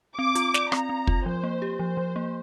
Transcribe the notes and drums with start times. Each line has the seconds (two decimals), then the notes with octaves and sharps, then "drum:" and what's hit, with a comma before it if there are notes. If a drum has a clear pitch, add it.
0.18 C4 D6
0.35 F4, drum: hi-hat
0.54 D5, drum: snare
0.72 C4 A#5, drum: rim click
0.89 C4
1.07 F4, drum: kick
1.26 F3 C5
1.44 A#3
1.62 G4
1.79 F3 C5
1.97 F3
2.16 A#3